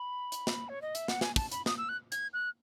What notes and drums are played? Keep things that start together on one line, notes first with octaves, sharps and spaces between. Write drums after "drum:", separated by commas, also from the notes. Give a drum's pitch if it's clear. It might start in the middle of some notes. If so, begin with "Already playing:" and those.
Already playing: B5
drum: hi-hat
drum: snare
C#5
D#5
E5, drum: hi-hat
F#5, drum: snare
G#5, drum: snare
A5, drum: kick, open hi-hat
B5, drum: hi-hat
D#6, drum: snare
E6
F#6
G#6, drum: hi-hat
F#6